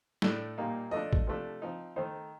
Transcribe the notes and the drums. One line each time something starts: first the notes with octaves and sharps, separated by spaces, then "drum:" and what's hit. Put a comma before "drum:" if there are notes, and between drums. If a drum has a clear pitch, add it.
A2 A3 D4, drum: snare
A#2 G3 A#3 D#4
F3 A3 D4 D#5
drum: kick A#1
C3 F3 A3 D4
F3 C4 D#4
D#3 A3 D#4 C5